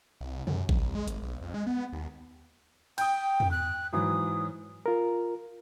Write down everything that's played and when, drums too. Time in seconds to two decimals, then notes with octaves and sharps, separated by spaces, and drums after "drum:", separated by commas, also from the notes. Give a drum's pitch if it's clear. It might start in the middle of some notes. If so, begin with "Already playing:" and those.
0.21 C2
0.47 F#2, drum: tom B2
0.69 C2, drum: kick A1
0.95 G#3
1.08 G#1, drum: hi-hat
1.22 B1
1.42 F2
1.54 G#3
1.67 B3
1.93 D#2
2.98 G5 D#6 G6, drum: cymbal
3.40 drum: tom E2
3.51 F#6
3.93 G#2 E3 F#3 D#6
4.86 F4 A#4